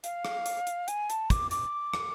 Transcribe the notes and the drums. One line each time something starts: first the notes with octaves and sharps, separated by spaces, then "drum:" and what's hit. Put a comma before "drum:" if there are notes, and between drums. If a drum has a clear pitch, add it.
F5, drum: hi-hat
drum: rim click
drum: hi-hat
drum: hi-hat
G#5, drum: hi-hat
A5, drum: hi-hat
D6, drum: kick, hi-hat
D6, drum: hi-hat
drum: rim click